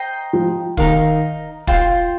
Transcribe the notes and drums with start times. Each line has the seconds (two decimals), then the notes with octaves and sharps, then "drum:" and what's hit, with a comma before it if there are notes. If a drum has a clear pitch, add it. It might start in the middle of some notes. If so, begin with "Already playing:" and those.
Already playing: C5 D#5 G5 A#5
0.33 F3
0.77 D#3 D#4 A#4 F5, drum: kick
1.67 F4 C5 G5 C6, drum: kick